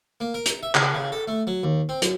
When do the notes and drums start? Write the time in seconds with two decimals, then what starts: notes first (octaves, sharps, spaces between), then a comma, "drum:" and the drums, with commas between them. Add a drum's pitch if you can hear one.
0.21 A#3
0.34 A#4
0.46 A#5, drum: hi-hat
0.63 E5
0.75 C#3, drum: clap
0.95 C#3
1.12 A4
1.28 A3
1.47 F#3
1.64 D#2
1.89 C4
2.02 F#2, drum: hi-hat